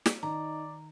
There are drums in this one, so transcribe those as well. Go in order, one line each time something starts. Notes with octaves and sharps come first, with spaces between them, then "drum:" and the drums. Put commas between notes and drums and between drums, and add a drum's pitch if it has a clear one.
drum: snare
D#3 D#4 D5 A#5